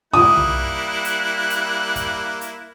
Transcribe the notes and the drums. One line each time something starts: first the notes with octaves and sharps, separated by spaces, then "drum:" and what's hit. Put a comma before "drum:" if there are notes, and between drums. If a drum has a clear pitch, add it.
G3 A#3 E4 D#6 F#6
drum: tom B1
drum: hi-hat
drum: hi-hat
drum: kick, hi-hat
drum: hi-hat